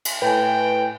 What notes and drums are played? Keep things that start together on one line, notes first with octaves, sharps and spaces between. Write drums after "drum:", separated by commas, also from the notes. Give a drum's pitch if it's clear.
drum: cymbal
A2 B4 G5 G#5